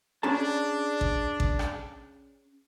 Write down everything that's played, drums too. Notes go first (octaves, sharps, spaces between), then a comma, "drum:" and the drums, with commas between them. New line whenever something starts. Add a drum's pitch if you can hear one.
C#4 D4 G#4 A5
drum: kick A1
drum: kick A1
drum: rim click